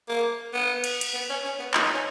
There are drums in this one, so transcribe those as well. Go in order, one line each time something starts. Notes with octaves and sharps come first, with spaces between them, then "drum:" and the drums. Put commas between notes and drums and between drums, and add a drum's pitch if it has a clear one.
A#3
B3
drum: cymbal
drum: cymbal
B3
C#4
C#4
B3
D#4, drum: clap
D#4
C#4